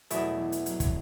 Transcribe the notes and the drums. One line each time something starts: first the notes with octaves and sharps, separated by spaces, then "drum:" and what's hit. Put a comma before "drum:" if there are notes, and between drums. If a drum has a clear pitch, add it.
E2 B2 F#3 A3 E4, drum: hi-hat
F#3
E3
drum: hi-hat
F#3, drum: hi-hat
drum: kick, hi-hat